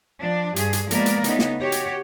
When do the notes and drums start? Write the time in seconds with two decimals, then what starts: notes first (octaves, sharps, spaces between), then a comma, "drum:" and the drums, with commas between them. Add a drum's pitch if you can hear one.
0.20 F3 D4
0.56 G2 G#4, drum: hi-hat
0.73 drum: hi-hat
0.91 F3 G#3 A#3 B3 A#4 D5, drum: hi-hat
1.06 drum: hi-hat
1.24 C#3 A3 B3 D#4, drum: hi-hat
1.39 drum: snare
1.60 F#4 G4 C#5
1.72 drum: hi-hat